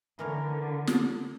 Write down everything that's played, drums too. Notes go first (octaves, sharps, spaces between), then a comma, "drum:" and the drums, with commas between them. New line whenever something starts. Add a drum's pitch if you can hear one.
D3 E3 A#4 C#5
drum: snare